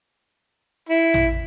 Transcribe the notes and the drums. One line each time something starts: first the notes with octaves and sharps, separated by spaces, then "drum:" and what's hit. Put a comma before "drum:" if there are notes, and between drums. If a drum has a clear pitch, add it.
E4
drum: tom